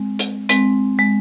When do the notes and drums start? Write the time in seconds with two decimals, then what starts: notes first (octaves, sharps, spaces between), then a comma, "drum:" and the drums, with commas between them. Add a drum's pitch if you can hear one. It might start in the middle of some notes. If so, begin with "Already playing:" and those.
Already playing: G#3 C4
0.19 drum: hi-hat
0.49 G#3 C4, drum: hi-hat
0.99 G#3